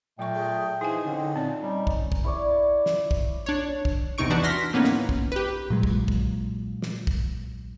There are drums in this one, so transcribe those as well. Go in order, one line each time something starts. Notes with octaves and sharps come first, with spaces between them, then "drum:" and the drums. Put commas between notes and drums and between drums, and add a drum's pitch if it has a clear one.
A#2 F#3 A3 G5 C#6
G#4
E3 F3 D#4 E4 G#4 G#5
D3 D#3 C4 C#4
A#2 C#3 C4 D5
G3 C#4 D#4
drum: kick
drum: kick
E4 C#5 D5
drum: snare
drum: kick
D4 C#5
drum: kick
E2 C3 D#4 C#6 D7
E3 D4 D#4 F#4
E3 C6 F6 A#6 B6
A2 A#3 B3 C#4 D#4
drum: snare
drum: kick
G4 B4
A#2 F#3 G#3
drum: kick
drum: kick
drum: snare
drum: kick